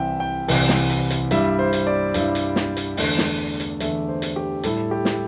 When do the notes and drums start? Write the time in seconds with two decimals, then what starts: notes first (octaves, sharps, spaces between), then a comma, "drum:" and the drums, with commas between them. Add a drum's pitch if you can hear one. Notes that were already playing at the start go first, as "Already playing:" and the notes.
Already playing: C2 C3 E3 E5 G5
0.20 G5
0.48 C2 C3 E3, drum: open hi-hat
0.69 drum: snare
0.90 drum: hi-hat
1.10 drum: hi-hat
1.31 G2 G3 E4 E5, drum: hi-hat
1.59 C5
1.73 drum: hi-hat
1.87 D5
2.14 G2 G3 E4, drum: hi-hat
2.35 drum: hi-hat
2.56 drum: snare
2.77 drum: hi-hat
2.97 E2 D3 A3, drum: open hi-hat
3.18 drum: snare
3.60 drum: hi-hat
3.80 E2 D3 A3 E5, drum: hi-hat
4.08 C5
4.22 drum: hi-hat
4.36 G4
4.64 A2 G3 E4 A4, drum: hi-hat
4.91 G4
5.05 drum: snare